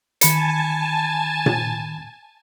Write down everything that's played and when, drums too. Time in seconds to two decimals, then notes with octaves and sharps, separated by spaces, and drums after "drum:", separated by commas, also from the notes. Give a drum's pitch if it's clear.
0.21 D#3 G#5 A5 B5 C#7, drum: hi-hat
1.46 drum: tom A#2